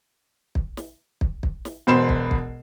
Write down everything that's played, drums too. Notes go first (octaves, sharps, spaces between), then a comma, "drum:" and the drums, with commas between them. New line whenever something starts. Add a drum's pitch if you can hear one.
drum: kick
drum: snare
drum: kick
drum: kick
drum: snare
E1 B2 C5 B5 C7 E7
drum: kick
drum: kick